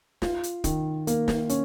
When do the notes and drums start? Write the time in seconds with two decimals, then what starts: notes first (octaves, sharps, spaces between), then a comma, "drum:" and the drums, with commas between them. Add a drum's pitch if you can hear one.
0.22 F4, drum: snare
0.43 drum: hi-hat
0.64 D#3, drum: kick, hi-hat
1.07 A#3, drum: hi-hat
1.28 drum: snare
1.49 C#4, drum: hi-hat